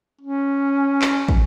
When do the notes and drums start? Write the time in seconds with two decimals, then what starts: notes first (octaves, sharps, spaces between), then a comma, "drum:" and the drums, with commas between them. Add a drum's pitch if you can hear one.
0.21 C#4
1.02 drum: clap
1.28 drum: kick